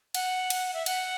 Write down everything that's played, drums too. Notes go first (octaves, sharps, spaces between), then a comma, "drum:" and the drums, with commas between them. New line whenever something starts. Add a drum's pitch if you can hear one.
F#5, drum: cymbal
drum: cymbal
E5
F#5, drum: cymbal